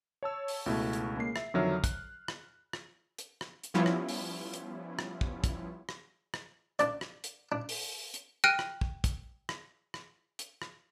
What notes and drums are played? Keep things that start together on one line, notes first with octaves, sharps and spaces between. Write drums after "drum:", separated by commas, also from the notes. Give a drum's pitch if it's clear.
C#5 A5 E6
drum: open hi-hat
C#2 B2 A3 E4
drum: hi-hat
C#3 G#3 A#3 C7
E5, drum: rim click
F2 D3 D#3 F#3 E5 F6
F#6, drum: kick, hi-hat
drum: rim click
drum: rim click
drum: hi-hat
drum: rim click
drum: hi-hat
F3 G3 B3 C#4 E4 F4
drum: rim click
drum: open hi-hat
drum: hi-hat
drum: rim click
drum: kick
drum: kick, hi-hat
drum: rim click
drum: rim click
D4 D5, drum: hi-hat
drum: rim click
drum: hi-hat
D4
drum: open hi-hat
drum: hi-hat
G5 F6 F#6 A#6 D7 D#7
drum: rim click
drum: kick
drum: kick, hi-hat
drum: rim click
drum: rim click
drum: hi-hat
drum: rim click